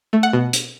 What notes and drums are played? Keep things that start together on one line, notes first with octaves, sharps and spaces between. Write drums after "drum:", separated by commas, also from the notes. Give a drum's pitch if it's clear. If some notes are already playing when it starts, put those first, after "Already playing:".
A3
F#5
B2
drum: hi-hat